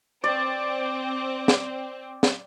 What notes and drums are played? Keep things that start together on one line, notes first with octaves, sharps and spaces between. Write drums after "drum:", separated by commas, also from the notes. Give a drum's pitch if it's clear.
C4 D5
drum: snare
drum: snare